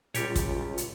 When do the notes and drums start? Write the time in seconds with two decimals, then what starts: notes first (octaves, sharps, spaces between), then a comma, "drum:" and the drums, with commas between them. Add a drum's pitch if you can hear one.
0.15 C#2 A#2 G3 F4 G4 C#5, drum: hi-hat
0.36 drum: kick, hi-hat
0.78 drum: hi-hat